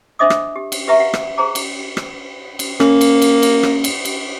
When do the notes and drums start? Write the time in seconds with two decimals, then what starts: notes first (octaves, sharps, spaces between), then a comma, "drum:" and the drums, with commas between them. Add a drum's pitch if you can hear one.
0.19 D4 C5 D#5 E5 D6 D#6
0.30 drum: rim click
0.56 G4
0.72 drum: cymbal
0.88 G4 B4 E5 A#5 C#6
1.00 F5 F#5
1.14 drum: rim click
1.38 G#4 C5 A#5 D6
1.55 drum: cymbal
1.97 drum: rim click
2.59 drum: cymbal
2.80 A#3 C#4, drum: rim click
3.01 drum: cymbal
3.22 drum: cymbal
3.42 drum: cymbal
3.63 drum: rim click
3.84 drum: cymbal
4.05 drum: cymbal